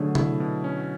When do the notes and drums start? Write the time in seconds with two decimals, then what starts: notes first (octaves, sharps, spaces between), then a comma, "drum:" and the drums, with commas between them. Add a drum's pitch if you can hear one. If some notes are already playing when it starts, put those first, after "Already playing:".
Already playing: B2 D3 F#3 A3 G#4
0.15 E4, drum: tom C3
0.40 B2
0.64 C#4